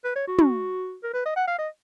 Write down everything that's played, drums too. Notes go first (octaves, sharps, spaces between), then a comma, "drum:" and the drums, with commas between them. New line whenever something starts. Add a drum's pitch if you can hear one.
B4
C#5
F#4
drum: tom
A#4
B4
D#5
F#5
F5
D#5